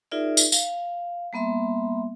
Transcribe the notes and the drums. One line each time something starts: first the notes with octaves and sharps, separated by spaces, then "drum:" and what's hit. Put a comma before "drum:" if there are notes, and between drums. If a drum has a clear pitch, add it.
D#4 F4 G#4 A#4 D5 E5
drum: tambourine
F5, drum: tambourine
G3 A#3 B3 E5 C6